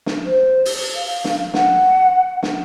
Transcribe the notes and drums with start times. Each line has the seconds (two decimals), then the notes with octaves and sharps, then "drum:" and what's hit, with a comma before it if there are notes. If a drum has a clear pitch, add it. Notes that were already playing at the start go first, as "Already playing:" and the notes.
0.06 drum: snare
0.25 C5
0.65 drum: open hi-hat
0.95 F5
1.24 drum: snare
1.54 F#5, drum: snare
2.43 drum: snare